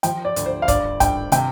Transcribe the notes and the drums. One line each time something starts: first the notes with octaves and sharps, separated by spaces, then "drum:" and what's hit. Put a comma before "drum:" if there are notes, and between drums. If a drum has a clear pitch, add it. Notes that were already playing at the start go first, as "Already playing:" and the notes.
F3 G5, drum: hi-hat
D5
D2, drum: hi-hat
C5
F5
G2 D5, drum: kick, hi-hat
G2 G5, drum: kick, hi-hat
C3 G5, drum: hi-hat